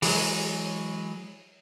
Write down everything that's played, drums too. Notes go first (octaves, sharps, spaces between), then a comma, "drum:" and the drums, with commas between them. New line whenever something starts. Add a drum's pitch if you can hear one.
E3 F#3 G#3, drum: open hi-hat